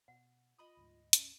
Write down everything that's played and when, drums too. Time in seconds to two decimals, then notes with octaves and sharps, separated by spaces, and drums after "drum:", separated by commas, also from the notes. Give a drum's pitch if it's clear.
0.08 B2 F#5
0.58 F4 D#5 B5 D#6
0.77 D2 G#2
1.13 C#4, drum: hi-hat